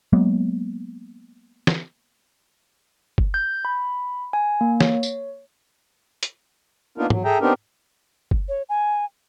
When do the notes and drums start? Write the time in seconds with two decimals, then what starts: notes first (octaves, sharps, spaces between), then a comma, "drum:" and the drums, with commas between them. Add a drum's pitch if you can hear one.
0.13 F#3 G#3 A#3 B3
1.67 drum: snare
3.18 drum: kick F#1
3.34 G6
3.65 B5
4.33 G#5
4.61 A#3
4.80 C#5, drum: snare
5.03 drum: tambourine
6.23 drum: hi-hat
6.98 A#3 B3 D4 D#4 F4 A#4
7.10 F#3, drum: tom
7.25 G#4 A4 E5 G5 A#5
7.41 B3 C4 D4 D#4 G4 A#4
8.31 drum: kick F#1
8.49 C#5
8.69 G#5